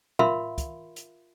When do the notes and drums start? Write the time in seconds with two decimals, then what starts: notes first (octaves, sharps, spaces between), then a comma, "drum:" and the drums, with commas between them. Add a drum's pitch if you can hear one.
0.19 F4 A#4 E5 F5 B5 C6, drum: tom A2
0.58 drum: kick, hi-hat
0.96 drum: hi-hat